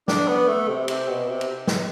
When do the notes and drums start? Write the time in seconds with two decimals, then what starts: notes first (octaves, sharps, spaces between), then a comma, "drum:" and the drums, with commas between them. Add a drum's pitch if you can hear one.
0.08 D4, drum: snare
0.27 B3
0.48 A3
0.68 C3
0.88 C3, drum: cymbal
1.08 B2
1.28 C3
1.41 drum: cymbal
1.67 drum: snare